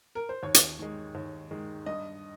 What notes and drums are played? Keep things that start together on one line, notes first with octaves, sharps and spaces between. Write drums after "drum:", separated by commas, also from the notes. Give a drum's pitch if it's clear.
A#4
C5
D#2 C#5
drum: hi-hat
D#3 G#3
D#2
D#3 G#3
G2 D#5